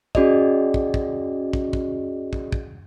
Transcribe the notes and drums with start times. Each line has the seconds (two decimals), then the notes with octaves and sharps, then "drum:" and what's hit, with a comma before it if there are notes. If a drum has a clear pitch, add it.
0.15 C#4 F#4 G#4 D5 D#5, drum: kick
0.74 drum: kick
0.94 drum: kick
1.53 drum: kick
1.73 drum: kick
2.33 drum: kick
2.52 drum: kick